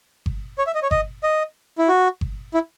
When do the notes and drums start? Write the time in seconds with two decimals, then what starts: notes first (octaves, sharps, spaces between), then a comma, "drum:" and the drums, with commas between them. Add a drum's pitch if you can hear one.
0.26 drum: kick G1
0.58 C#5
0.67 E5
0.75 D#5
0.82 C#5
0.91 D#5, drum: kick G1
1.23 D#5
1.78 E4
1.88 F#4
2.21 drum: kick G1
2.54 E4